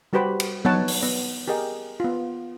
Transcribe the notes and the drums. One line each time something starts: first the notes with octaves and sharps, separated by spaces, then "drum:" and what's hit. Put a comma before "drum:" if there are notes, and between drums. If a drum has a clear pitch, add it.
G3 F#4 G4 B4 C5 B5
drum: cymbal
B3 D#4 B4 C#5 F#5 A5, drum: tom F#3
drum: open hi-hat
B3
G4 G#4 A#4 D#5 G5
B3 F4